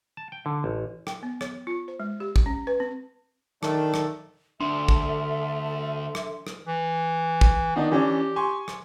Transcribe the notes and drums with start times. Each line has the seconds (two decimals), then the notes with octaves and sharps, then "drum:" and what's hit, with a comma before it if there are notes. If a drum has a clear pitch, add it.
0.17 A5
0.32 G5
0.46 D3
0.64 A1
1.07 G5, drum: rim click
1.23 B3
1.41 C#5, drum: rim click
1.67 F4
1.88 C5
2.00 G#3
2.20 G4
2.36 drum: kick
2.46 C#4
2.67 B4
2.80 C4
3.63 D#3 A3 D4 A4, drum: rim click
3.94 drum: rim click
4.60 D2 D4 A4 E5 C6
4.89 drum: kick
6.15 drum: rim click
6.47 drum: rim click
6.66 E3
7.41 drum: kick
7.76 D#3 B3 D4 D#4
7.91 E3 C#4 D4 G4
8.36 G#5 C6 C#6
8.68 drum: rim click